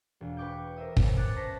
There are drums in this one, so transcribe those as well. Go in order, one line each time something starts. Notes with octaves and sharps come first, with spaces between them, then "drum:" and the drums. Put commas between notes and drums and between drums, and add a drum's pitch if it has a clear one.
E1
B4 G5 C#6 D6 G6
A#4 C5 E5 D#6
B3 C#4 C#5, drum: kick
G#4 D6 F#6 A6 C#7
C5 A5 C#6 A#6 B6